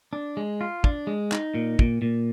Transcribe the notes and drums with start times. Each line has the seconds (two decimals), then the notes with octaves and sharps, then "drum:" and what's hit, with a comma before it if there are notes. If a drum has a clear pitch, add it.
0.13 D4
0.37 G#3
0.61 F4
0.84 D4, drum: kick
1.07 G#3
1.32 D#4, drum: clap
1.54 A#2
1.79 A#2, drum: kick
2.02 A#2